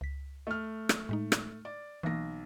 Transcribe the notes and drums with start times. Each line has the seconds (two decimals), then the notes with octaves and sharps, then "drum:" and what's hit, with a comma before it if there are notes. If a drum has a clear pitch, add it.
0.01 C#2 B6
0.47 A3 F6
0.89 drum: rim click
1.09 A2 G#3 D#4
1.32 drum: rim click
1.65 D5
2.03 B1 E3 A#3 A#6